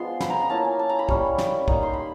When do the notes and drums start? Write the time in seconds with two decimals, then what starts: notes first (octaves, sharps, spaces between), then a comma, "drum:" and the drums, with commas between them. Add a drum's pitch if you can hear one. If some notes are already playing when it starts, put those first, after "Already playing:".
Already playing: F3 G#3 B3 D4 F4 C6
0.20 B5, drum: snare
0.30 A#5
0.40 A#5
0.50 A#3 C#4 E4 A5
0.65 G#5
0.79 A5
0.89 A#5
0.99 B5
1.09 G3 A#3 C#4, drum: kick
1.38 drum: snare
1.68 G3 A#3 D#4 A#5, drum: kick
1.83 C6
1.93 B5